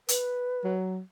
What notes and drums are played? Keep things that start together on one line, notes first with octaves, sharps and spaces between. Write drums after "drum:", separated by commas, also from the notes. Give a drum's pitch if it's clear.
B4, drum: hi-hat
F#3